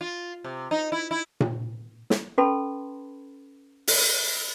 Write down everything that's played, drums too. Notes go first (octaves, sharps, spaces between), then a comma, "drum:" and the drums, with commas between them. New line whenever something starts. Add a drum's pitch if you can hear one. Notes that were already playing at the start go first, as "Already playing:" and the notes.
F4
C3
D#4
E4
E4
drum: tom A#2
drum: snare
C#4 A4 B4 A5 B5 C6
drum: open hi-hat